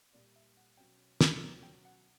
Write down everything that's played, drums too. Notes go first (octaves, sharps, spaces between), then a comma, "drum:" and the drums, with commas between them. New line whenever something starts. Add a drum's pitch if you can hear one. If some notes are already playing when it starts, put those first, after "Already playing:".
A#2 G3 A#3 D5
E5
F#5
B2 F#3 C#4 G5
drum: snare
B2 F#3 C#4 A#5
G5
F#5